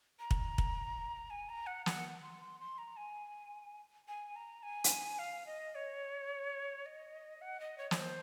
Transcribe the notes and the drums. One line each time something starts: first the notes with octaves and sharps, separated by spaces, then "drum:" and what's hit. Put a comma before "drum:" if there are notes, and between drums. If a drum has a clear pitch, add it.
A#5
drum: kick
drum: kick
G#5
A#5
F#5
F#5, drum: snare
C6
C6
C6
A#5
G#5
G#5
A#5
G#5
drum: hi-hat
F5
D#5
C#5
D#5
F#5
D#5
C#5
C#5, drum: snare
C5